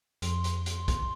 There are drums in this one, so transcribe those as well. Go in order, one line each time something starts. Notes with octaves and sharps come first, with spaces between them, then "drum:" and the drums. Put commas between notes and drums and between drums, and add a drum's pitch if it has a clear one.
F2 C6, drum: hi-hat
drum: hi-hat
drum: hi-hat
drum: kick, hi-hat